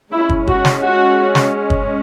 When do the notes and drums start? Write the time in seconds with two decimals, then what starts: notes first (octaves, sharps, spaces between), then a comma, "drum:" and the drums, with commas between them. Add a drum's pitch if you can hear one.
0.12 G#3 C#4 E4
0.29 drum: kick
0.47 F#4, drum: kick
0.65 drum: snare
0.82 F#4
1.35 drum: snare
1.70 drum: kick